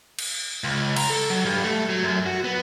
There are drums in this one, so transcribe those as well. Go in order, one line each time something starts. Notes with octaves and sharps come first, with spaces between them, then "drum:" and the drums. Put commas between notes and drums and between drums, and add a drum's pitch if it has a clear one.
drum: cymbal
C#2
A#5, drum: cymbal
A4
F#3
G2
A3
F#3
F#2
F#4
B3